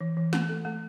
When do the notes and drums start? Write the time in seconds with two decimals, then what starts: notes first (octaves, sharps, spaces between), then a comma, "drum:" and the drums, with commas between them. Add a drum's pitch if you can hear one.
0.01 E3
0.17 E3
0.33 A3, drum: snare
0.49 A4
0.65 A3